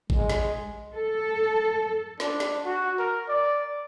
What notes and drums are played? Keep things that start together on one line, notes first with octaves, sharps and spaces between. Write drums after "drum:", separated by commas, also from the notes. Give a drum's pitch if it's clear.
G#3, drum: kick G#1
drum: snare
A4
D4, drum: snare
drum: snare
F#4
A#4
D5